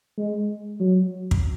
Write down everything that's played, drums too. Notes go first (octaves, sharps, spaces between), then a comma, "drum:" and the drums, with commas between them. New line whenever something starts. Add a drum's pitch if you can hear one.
G#3
F#3
drum: kick